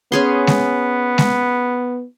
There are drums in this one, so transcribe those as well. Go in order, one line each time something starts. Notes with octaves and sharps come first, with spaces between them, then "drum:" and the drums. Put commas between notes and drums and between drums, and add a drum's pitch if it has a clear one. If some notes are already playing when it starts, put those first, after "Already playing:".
B3 C#4 G#4 C6
drum: snare G#3
drum: snare G#3